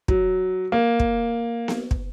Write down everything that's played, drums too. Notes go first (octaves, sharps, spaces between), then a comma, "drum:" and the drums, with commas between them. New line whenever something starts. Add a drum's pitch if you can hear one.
F#3, drum: kick
A#3
drum: kick
drum: snare B3
drum: kick